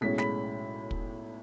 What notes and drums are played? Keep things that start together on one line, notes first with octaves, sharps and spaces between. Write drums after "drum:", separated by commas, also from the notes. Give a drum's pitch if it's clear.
B1 A2 G#3 C#4 B6
B5 B6, drum: snare
drum: kick